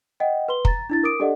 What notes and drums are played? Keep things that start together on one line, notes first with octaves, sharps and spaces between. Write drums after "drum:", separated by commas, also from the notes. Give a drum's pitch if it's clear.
D#5 F#5 G5
B4 C6 G7
A#5 A6, drum: kick
D4 E4 A6
A#4 D6 D#6 D7
D4 G4 A4 D5 D#5 F#5